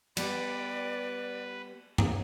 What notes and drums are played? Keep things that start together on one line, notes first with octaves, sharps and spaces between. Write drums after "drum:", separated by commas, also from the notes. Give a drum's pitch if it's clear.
G3 B3 G4 B4 D5, drum: cymbal
drum: tom G2